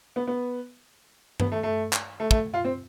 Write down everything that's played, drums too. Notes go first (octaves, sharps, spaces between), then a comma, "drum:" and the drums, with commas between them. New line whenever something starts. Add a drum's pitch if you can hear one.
B3
B3
B3, drum: tom G2
A3
A3
drum: clap
A3
A3, drum: kick
F4
C4